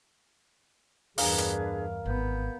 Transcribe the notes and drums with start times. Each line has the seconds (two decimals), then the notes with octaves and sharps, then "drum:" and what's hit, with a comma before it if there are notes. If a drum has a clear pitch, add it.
1.18 E2 G2 D4 G#4 A#4 B4 F5, drum: open hi-hat
1.38 drum: hi-hat
2.06 G#1 B3 G6